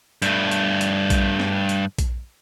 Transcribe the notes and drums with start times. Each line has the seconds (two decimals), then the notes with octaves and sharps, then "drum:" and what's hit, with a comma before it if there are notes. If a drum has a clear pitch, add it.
0.22 G2 A3, drum: hi-hat
0.51 drum: hi-hat
0.81 drum: hi-hat
1.10 drum: kick A#1, hi-hat
1.40 drum: snare
1.69 drum: hi-hat
1.98 drum: kick A#1, hi-hat